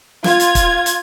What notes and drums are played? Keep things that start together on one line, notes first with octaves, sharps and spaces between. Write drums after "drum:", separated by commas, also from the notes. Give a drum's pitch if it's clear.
F4 G#6, drum: snare
drum: hi-hat
drum: kick, hi-hat
drum: hi-hat